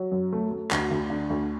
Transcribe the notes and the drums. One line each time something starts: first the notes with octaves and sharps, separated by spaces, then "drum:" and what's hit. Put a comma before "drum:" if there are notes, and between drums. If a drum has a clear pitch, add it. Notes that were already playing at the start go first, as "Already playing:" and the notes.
Already playing: F#3
F#2
A3
A3
D2 F#4, drum: clap
D2
D3
D2